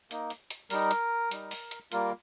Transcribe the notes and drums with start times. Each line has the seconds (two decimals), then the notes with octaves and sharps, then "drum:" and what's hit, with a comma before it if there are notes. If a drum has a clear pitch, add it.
0.11 A#3 D#4, drum: hi-hat
0.30 drum: hi-hat
0.51 drum: hi-hat
0.70 G3 D#4 A#4, drum: open hi-hat
0.91 drum: hi-hat
1.31 G3 D#4, drum: hi-hat
1.51 drum: open hi-hat
1.71 drum: hi-hat
1.92 G3 A#3 F4 A#4, drum: hi-hat